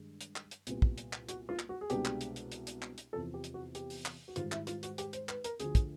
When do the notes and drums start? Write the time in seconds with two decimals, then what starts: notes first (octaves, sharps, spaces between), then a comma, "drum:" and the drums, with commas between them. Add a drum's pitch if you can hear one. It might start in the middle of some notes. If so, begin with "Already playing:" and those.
Already playing: G2 D#3 G#3
0.21 drum: hi-hat
0.36 drum: clap
0.51 drum: hi-hat
0.67 C2 A#2 G3 B3, drum: hi-hat
0.82 drum: kick
0.98 drum: hi-hat
1.13 drum: clap
1.29 F#4, drum: hi-hat
1.49 F4
1.59 drum: clap
1.69 F#4
1.81 G#4
1.90 C2 B2 G#3 B3 D4 G4, drum: hi-hat
2.05 drum: clap
2.21 drum: hi-hat
2.36 drum: hi-hat
2.52 drum: hi-hat
2.67 drum: hi-hat
2.82 drum: clap
2.98 drum: hi-hat
3.13 E2 C3 F3 A4
3.34 G4
3.44 drum: hi-hat
3.54 F#4
3.75 G4, drum: hi-hat
3.90 drum: open hi-hat
4.06 drum: clap
4.28 F#4
4.36 G#2 D#3 G3 F4, drum: hi-hat
4.52 E4, drum: clap
4.67 F4, drum: hi-hat
4.83 F#4, drum: hi-hat
4.98 G4, drum: hi-hat
5.13 C5, drum: hi-hat
5.29 B4, drum: clap
5.44 A#4, drum: hi-hat
5.60 D2 D3 F3 G#4, drum: hi-hat
5.75 drum: kick, hi-hat